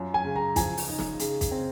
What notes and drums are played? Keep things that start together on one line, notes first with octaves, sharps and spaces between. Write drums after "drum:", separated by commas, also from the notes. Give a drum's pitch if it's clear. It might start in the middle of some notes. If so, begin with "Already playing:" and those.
Already playing: F#2 F4
G#5
C#3
A#5
F3 G#5, drum: kick, hi-hat
drum: open hi-hat
D#4
drum: snare
C#3, drum: hi-hat
drum: kick, hi-hat
C4